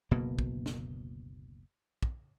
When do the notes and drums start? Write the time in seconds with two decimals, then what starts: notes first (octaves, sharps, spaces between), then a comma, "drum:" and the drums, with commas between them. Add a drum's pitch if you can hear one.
0.11 F#1 D2 B2 A#3
0.39 drum: kick
0.66 drum: snare
2.03 drum: kick